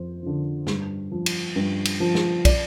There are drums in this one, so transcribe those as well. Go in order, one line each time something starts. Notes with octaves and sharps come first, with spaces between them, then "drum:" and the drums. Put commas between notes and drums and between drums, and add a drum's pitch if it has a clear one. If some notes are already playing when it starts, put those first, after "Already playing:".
Already playing: F2 F3 C5
D3 F3
G2, drum: snare
F3
drum: cymbal
G2
drum: cymbal
F3
drum: snare
D5, drum: kick, cymbal